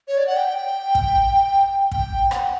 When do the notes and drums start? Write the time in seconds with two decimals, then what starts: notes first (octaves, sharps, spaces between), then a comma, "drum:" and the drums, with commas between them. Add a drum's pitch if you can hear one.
0.08 C#5
0.18 D5
0.27 F#5
0.37 G5
0.95 drum: kick
1.91 G5, drum: kick
2.31 F#5, drum: rim click